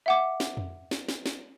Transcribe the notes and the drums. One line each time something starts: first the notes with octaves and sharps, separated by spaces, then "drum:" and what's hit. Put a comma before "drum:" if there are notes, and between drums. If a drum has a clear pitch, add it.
E5 F#5 D6
drum: snare
drum: tom F2
drum: snare
drum: snare
drum: snare